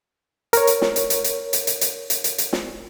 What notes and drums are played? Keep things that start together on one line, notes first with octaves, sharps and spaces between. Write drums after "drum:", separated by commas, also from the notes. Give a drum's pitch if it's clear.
A#4 C#5, drum: hi-hat
drum: hi-hat
drum: snare
drum: hi-hat
drum: hi-hat
drum: hi-hat
drum: hi-hat
drum: hi-hat
drum: hi-hat
drum: hi-hat
drum: hi-hat
drum: hi-hat
drum: snare